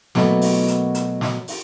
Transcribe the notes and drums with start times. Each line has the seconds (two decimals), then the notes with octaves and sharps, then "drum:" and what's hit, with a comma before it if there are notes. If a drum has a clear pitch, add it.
0.15 B2 F#3 A3 A#3, drum: snare
0.41 drum: open hi-hat
0.68 drum: hi-hat
0.95 drum: hi-hat
1.21 drum: snare
1.48 drum: open hi-hat